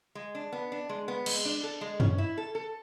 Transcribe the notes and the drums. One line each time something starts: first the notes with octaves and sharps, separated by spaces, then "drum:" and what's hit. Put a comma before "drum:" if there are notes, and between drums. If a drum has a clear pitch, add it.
G#3
D4
B3
D4
G#3
B3
G#3, drum: cymbal
D4
A4
G#3
C#4, drum: tom F#2
E4
A4
A4